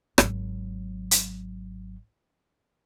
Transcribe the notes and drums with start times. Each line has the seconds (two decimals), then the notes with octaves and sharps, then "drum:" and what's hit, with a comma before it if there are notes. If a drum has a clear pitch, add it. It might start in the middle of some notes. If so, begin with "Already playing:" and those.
0.18 G#1 F#3, drum: rim click
1.11 drum: hi-hat